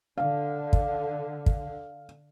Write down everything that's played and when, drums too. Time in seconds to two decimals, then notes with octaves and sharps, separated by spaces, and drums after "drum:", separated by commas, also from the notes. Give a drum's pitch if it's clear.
0.18 D3 F5
0.73 drum: kick
1.46 drum: kick